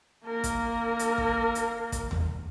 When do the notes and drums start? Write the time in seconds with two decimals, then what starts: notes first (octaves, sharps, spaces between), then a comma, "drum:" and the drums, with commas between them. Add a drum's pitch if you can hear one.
0.25 A#3 A#4
0.44 drum: kick, hi-hat
0.99 drum: hi-hat
1.18 drum: kick
1.55 drum: hi-hat
1.92 drum: kick, hi-hat
2.11 drum: tom D#2